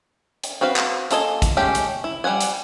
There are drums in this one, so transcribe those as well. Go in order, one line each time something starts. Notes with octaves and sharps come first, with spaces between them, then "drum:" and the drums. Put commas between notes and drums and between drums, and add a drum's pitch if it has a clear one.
drum: hi-hat
C4 F#4 B4 F5
drum: clap
A#3 F4 A4 D#5 G#5, drum: hi-hat
drum: kick, hi-hat
G#3 A3 C#4 G4
drum: hi-hat
E4
G3 B4 F#5 G#5
drum: hi-hat